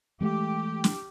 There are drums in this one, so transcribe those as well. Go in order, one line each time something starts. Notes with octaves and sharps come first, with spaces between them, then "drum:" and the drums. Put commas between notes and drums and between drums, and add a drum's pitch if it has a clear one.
E3 G#3 A3 G4
drum: snare